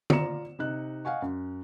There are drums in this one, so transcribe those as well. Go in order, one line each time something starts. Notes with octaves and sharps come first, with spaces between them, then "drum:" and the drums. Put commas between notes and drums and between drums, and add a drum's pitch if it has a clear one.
F4 D5 A#5 C#7 E7, drum: tom
C3 D#4 F#6
D#5 F5 F#5 G#5 C#6
F#2